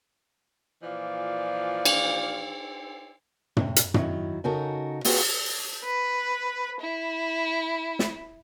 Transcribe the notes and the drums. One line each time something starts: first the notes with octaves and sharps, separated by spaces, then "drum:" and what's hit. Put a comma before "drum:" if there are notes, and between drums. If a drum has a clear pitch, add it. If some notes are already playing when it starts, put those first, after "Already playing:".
A#2 E3 F3 D5 F5
drum: cymbal
A2 C3, drum: tom
drum: hi-hat
D#3 F#3 E4, drum: tom
C#3 D#4 F#4 A4 A#4
A#3 C4 F4 F#4 G#4 B4, drum: open hi-hat
B4
E4
drum: snare